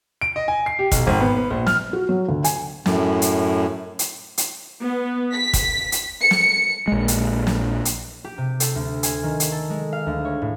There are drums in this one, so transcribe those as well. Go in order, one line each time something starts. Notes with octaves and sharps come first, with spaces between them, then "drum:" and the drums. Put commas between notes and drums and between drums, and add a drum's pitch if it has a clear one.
D7
D#5
G#5
C7
G4
B1, drum: kick, hi-hat
G#1
B3
B3
A#1
F6, drum: snare
F#4
F#3
D2
G#5, drum: hi-hat
F#2 A2, drum: snare
drum: hi-hat
drum: hi-hat
drum: hi-hat
B3
B6
drum: kick, hi-hat
drum: hi-hat
C#7
drum: snare
A#1 G#3
drum: hi-hat
drum: snare
drum: hi-hat
G4
C3
A4, drum: hi-hat
D2
G#5, drum: hi-hat
D#3
drum: hi-hat
A4
G#3
F5
D2
C#5
A2